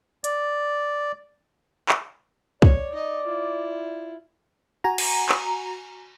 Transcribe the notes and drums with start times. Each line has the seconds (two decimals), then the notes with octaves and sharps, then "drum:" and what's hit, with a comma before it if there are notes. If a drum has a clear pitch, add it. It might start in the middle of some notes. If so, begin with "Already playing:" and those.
0.24 D5, drum: hi-hat
1.89 drum: clap
2.62 C#5 D5, drum: kick
2.92 D#4 D#5
3.26 E4 F4
4.84 F#4 G#5 A#5
4.98 drum: cymbal
5.29 drum: clap